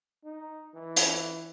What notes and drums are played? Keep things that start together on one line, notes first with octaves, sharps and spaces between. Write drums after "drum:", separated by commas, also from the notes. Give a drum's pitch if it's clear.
D#4
E3
drum: hi-hat